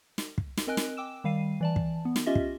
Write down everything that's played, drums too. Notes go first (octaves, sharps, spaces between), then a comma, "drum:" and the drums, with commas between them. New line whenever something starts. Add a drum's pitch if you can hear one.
drum: snare
drum: kick
drum: snare
C4 A#4 D#5 G#5 F#6 D7
drum: snare
G5 D6 E6 E7
D#3 G3 F5 C7 D#7
E3 D5 A5
drum: kick
B3
drum: snare
C#4 F4 G4 D#5 E5 A#6
drum: kick